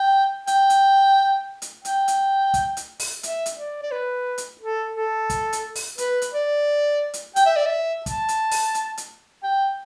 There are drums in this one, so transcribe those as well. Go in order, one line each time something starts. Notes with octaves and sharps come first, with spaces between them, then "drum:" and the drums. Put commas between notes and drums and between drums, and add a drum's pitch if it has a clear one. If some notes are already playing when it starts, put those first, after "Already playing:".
Already playing: G5
G5, drum: hi-hat
drum: hi-hat
drum: hi-hat
G5, drum: hi-hat
drum: hi-hat
drum: kick, hi-hat
drum: hi-hat
drum: open hi-hat
E5, drum: hi-hat
drum: hi-hat
D5
D5
B4
drum: hi-hat
A4
A4
drum: kick, hi-hat
drum: hi-hat
drum: open hi-hat
B4, drum: hi-hat
drum: hi-hat
D5
drum: hi-hat
G5, drum: hi-hat
E5
D5
E5
A5, drum: kick, hi-hat
drum: hi-hat
drum: open hi-hat
drum: hi-hat
drum: hi-hat
G5